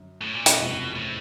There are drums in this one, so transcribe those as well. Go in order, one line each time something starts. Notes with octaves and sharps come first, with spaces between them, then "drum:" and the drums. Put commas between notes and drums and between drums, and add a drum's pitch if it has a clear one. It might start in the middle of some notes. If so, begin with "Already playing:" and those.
Already playing: F#2 D3
A2
A#2
B2, drum: hi-hat
F#1 E2 C3 F3 G#3
A2